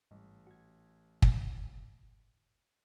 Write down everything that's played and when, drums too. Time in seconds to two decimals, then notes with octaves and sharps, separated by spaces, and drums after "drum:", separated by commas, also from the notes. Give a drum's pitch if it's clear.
0.11 A1 G#2 G3
0.47 F#4 G#6
1.22 drum: kick